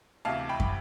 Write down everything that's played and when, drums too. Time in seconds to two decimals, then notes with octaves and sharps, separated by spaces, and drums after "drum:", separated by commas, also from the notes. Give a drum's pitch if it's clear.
0.25 D2 C3 E3 F5 A5
0.49 G5 B5
0.60 drum: kick